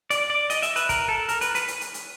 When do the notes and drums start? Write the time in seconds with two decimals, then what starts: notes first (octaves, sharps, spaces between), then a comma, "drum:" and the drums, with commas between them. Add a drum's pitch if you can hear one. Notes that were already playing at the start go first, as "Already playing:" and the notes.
0.10 D5, drum: hi-hat
0.30 D5
0.50 D#5, drum: hi-hat
0.62 E5, drum: hi-hat
0.76 B4, drum: hi-hat
0.89 A#4, drum: kick, hi-hat
1.09 A4
1.29 A#4, drum: hi-hat
1.41 B4, drum: hi-hat
1.55 B4, drum: hi-hat
1.68 drum: hi-hat
1.81 drum: hi-hat
1.94 drum: hi-hat